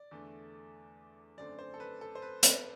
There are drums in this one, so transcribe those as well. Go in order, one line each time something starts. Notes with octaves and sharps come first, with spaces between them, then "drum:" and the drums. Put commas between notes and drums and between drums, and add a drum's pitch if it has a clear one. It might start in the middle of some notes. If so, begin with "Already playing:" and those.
Already playing: D5
E2 D3 A3
F#2 D3 A3 C4 D5
C5
A4
B4
A4
C5
B4
B4, drum: hi-hat